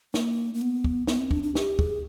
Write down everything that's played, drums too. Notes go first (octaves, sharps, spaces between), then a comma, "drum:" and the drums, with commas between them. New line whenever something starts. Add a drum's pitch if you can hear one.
A#3, drum: snare
A#3
B3
drum: kick
B3, drum: snare
C4
D4, drum: kick
D4
G4, drum: snare
G#4, drum: kick